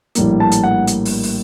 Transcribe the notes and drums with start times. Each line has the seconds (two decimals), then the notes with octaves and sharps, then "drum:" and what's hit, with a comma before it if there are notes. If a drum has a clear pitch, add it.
0.15 A#1 A2 G3 A#3, drum: hi-hat
0.40 A5
0.52 drum: hi-hat
0.64 F#5
0.87 drum: hi-hat
1.05 drum: open hi-hat
1.23 drum: open hi-hat